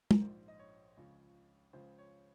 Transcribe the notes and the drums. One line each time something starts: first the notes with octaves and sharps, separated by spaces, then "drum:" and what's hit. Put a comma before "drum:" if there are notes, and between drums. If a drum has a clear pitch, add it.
A#4, drum: tom
A#1 G#2 F3 C5
D#5
C#5
C#2 C#3 F3
C#2 C#3 F3 C5
C#5